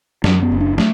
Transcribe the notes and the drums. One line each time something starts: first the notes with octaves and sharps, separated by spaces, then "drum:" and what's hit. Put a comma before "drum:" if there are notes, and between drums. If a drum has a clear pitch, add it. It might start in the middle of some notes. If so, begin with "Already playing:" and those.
F#2 F#3, drum: snare
B3
F#1
D4
A3, drum: snare